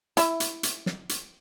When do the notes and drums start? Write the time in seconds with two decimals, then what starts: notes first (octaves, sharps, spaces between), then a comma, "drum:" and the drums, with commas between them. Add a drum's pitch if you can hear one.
0.17 E4 E5, drum: hi-hat
0.40 drum: hi-hat
0.63 drum: hi-hat
0.86 drum: snare
1.09 drum: hi-hat